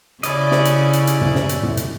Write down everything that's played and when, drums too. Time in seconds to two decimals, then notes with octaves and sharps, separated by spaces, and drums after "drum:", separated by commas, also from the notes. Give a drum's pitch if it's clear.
0.23 C#3 C#4 E4 D5 D#5, drum: hi-hat
0.51 drum: snare
0.65 drum: hi-hat
0.93 drum: hi-hat
1.07 drum: hi-hat
1.21 drum: tom
1.35 drum: snare
1.49 drum: hi-hat
1.63 drum: tom
1.77 drum: hi-hat